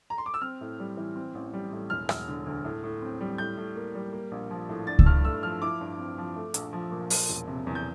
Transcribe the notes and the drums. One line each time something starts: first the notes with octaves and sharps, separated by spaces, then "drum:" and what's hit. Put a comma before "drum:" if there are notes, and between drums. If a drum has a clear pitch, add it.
A#5
C6
D6
E6
C4 F6
A2
G3
E3
C4
A1
G3
A2
E1 F6
E1, drum: rim click
D3
D2
A2
A2
C4
G3
A2 G6
A2
A#3
G3
A#3
A#1
F3
A2
D4 A6
E6, drum: kick C#2
G2 F6
A3 E6
F3 F6
E4 D6
G2
C4
F3
A3
A#1, drum: hi-hat
F3
A#2
F3, drum: open hi-hat
E1
C3
E2
G6